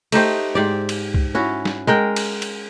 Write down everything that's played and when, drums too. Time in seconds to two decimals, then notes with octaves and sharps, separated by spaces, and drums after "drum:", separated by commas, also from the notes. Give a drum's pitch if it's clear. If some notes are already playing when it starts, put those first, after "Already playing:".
0.12 A3 D#4 G4 C5, drum: cymbal
0.55 G#2 G4 D5
0.89 drum: cymbal
1.14 drum: kick C2
1.35 C#4 E4 F#4
1.65 drum: snare
1.87 G#3 A#4 G5
2.16 drum: cymbal
2.42 drum: cymbal